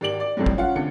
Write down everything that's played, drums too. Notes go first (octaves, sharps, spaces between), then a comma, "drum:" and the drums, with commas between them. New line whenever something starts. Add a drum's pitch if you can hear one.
G#1 G4 D5 D7 F#7
D5
F2 A2 C3 F#3 G3
drum: kick
C#4 F4 F#5
D2 C3 C#7